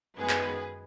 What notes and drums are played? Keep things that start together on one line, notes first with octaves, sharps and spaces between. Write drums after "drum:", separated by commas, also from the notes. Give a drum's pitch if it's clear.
F#2 D#3 G#3 B3 G#4 B4
drum: clap